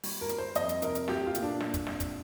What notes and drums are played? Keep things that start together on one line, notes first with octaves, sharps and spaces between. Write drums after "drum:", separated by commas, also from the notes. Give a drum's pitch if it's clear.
G3, drum: open hi-hat
A#4
G3, drum: hi-hat
C5
F2 D#5, drum: hi-hat
drum: hi-hat
C3 A#4, drum: hi-hat
drum: hi-hat
A3 G4, drum: snare
F4
A#2, drum: hi-hat
D4
A#2, drum: snare
drum: kick, hi-hat
C2, drum: snare
drum: kick, hi-hat